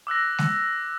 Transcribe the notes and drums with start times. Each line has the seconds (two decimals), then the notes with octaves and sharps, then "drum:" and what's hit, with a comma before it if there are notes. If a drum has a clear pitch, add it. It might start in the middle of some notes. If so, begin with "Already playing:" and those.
0.07 D6 E6 F#6 A#6
0.38 drum: snare G#3